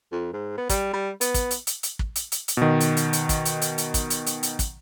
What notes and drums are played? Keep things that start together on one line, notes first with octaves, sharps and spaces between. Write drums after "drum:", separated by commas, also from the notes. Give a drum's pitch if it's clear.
F2
G#2
B3
G3, drum: kick, hi-hat
G3
B3, drum: hi-hat
drum: kick, hi-hat
drum: hi-hat
drum: hi-hat
drum: hi-hat
drum: kick
drum: hi-hat
drum: hi-hat
drum: hi-hat
B2 D#3
drum: hi-hat
drum: hi-hat
drum: hi-hat
drum: kick, hi-hat
drum: hi-hat
drum: hi-hat
drum: hi-hat
drum: kick, hi-hat
drum: hi-hat
drum: hi-hat
drum: hi-hat
drum: kick, hi-hat